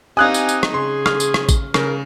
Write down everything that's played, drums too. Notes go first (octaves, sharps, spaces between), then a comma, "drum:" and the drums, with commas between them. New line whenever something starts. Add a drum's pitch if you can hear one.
C4 D#4 G4 F5 G#5 D#6 F#6 G#6
drum: tambourine
drum: tambourine
drum: rim click
C#3 G#4 C6
F6, drum: rim click
drum: tambourine
drum: rim click
drum: kick A1, tambourine
C#3 A#4, drum: rim click